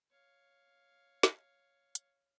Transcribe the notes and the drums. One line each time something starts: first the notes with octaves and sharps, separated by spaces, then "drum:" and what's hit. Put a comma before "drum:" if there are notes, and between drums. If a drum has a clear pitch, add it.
C#5 F5
drum: snare
drum: hi-hat